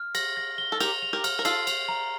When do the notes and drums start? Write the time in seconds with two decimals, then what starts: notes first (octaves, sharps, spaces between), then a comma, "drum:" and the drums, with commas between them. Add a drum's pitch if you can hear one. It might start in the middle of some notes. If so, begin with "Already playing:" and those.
Already playing: F6
0.15 A#6, drum: cymbal
0.37 A#6
0.58 G7
0.72 A4
0.80 G4 A#4 F7, drum: cymbal
1.02 F7
1.13 G4 A#4
1.24 F6, drum: cymbal
1.39 A#4
1.45 F4 A4 C7, drum: cymbal
1.67 F7, drum: cymbal
1.89 A#5